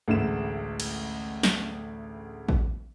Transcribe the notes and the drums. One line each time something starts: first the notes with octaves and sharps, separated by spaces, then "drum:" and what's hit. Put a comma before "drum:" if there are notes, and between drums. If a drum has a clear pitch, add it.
A1 D2 G#3 E7
drum: cymbal
drum: snare
drum: kick A1